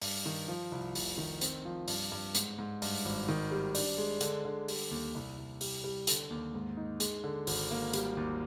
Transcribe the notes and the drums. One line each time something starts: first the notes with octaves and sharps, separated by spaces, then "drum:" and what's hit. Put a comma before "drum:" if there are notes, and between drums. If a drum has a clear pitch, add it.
G2, drum: open hi-hat
D#3
F3
C2
F1, drum: open hi-hat
D#3
C4, drum: hi-hat
F3
G2, drum: open hi-hat
G2
G#2, drum: hi-hat
G#2
G2, drum: open hi-hat
G#1
D#3
G3
D4, drum: open hi-hat
G#3
D3, drum: hi-hat
D3
G3, drum: open hi-hat
D#2
C2
C2
G3, drum: open hi-hat
G3
D3, drum: hi-hat
D#2
G#2
D#4
G#3, drum: hi-hat
D3
G#1, drum: open hi-hat
A#3
G3, drum: hi-hat
D#2